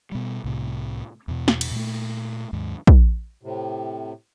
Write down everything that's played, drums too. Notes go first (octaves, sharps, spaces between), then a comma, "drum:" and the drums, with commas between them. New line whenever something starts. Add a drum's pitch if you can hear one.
B2 G3
C2 A2 C3
E2 B2
drum: snare
drum: cymbal
A#2 A3
D#2 G#2
drum: kick
A2 C3